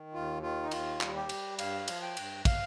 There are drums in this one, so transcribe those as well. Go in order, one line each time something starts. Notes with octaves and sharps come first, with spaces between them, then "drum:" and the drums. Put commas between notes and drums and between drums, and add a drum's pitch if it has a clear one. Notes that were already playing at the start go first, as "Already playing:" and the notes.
Already playing: D#3
D#2 F4
D#3 F4
D#4
D#2 F4, drum: cymbal
G3, drum: clap
G4
G3, drum: cymbal
G2 F5, drum: cymbal
F3, drum: cymbal
G5
G2, drum: cymbal
F5, drum: kick, cymbal